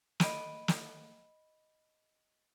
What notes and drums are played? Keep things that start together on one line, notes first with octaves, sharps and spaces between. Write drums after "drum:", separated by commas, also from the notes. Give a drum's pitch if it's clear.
D#5 B5 D7 D#7, drum: snare
drum: snare